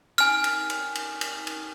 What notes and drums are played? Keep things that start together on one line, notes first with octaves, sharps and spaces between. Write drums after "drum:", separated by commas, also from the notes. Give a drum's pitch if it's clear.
G#5 F6, drum: cymbal
drum: cymbal
drum: cymbal
drum: cymbal
drum: cymbal
drum: cymbal